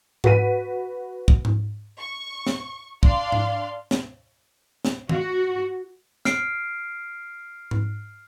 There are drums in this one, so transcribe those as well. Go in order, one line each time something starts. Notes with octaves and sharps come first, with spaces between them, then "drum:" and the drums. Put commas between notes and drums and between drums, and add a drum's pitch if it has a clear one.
F#4 B4 B6 D#7, drum: tom G#2
drum: kick
drum: tom G#2
C#6
drum: snare
D4 D5 F5 C6, drum: kick
drum: tom G#2
drum: snare
drum: snare
F#4, drum: tom D#3
F6 C7 D7, drum: snare
drum: tom G#2